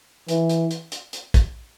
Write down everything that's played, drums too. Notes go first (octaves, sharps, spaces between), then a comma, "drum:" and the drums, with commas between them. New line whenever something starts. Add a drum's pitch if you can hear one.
E3, drum: hi-hat
drum: hi-hat
drum: hi-hat
drum: hi-hat
drum: hi-hat
drum: kick, hi-hat